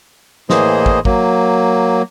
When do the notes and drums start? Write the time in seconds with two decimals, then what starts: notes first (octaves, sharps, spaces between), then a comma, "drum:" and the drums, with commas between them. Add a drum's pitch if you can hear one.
0.50 A2 E3 A#3 G#4 C5 D#5, drum: snare
0.86 drum: kick
1.05 F#3 A#3, drum: kick